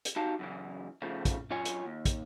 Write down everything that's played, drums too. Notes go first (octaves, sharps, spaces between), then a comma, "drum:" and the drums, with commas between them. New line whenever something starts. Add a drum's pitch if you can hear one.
drum: hi-hat
D#4 F#4 G4 F5 A5
F#2 C#3 E3
C#3 F3 A3
drum: kick, hi-hat
F#2 F4 C#5 G#5
drum: hi-hat
D#2
drum: kick, hi-hat